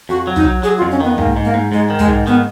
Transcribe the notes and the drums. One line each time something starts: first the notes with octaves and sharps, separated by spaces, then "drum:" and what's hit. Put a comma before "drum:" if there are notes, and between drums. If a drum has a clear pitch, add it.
F2 F#4
F#3
D#4, drum: tom
F#3
F#3 G#4
F4
F2
C#4
D#3 B3
G#2 A#3, drum: tom
G#2
A#3
G#2
G#2 G#3
D#3
G#3, drum: tom
G#2
D#3 B3